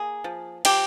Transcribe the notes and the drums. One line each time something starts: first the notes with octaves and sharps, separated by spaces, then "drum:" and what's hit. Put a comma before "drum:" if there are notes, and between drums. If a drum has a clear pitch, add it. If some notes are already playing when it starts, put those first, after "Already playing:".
Already playing: A#3 G#4
F3
F3 G4, drum: cymbal